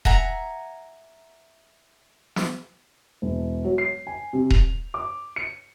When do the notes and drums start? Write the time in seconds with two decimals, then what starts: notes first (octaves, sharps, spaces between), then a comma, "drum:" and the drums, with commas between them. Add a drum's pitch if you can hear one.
0.05 E5 F#5 G#5 A#5, drum: kick D#1
2.36 drum: snare
3.22 E1
3.64 F#3
3.78 C7
4.07 G#5
4.33 C3
4.51 F7, drum: kick D#1
4.94 D6
5.36 C#7